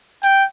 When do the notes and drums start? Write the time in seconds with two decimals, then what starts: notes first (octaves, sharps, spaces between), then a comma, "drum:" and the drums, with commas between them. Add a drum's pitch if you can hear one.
0.23 G5, drum: hi-hat